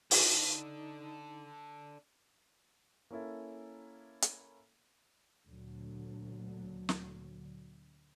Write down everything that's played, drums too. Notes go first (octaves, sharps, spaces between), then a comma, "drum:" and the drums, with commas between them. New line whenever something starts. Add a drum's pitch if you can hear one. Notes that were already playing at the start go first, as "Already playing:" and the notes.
D4 D#4 A4, drum: open hi-hat
A#3 C#4 E4 A4
drum: hi-hat
D2 A#2 D3 F#3
drum: snare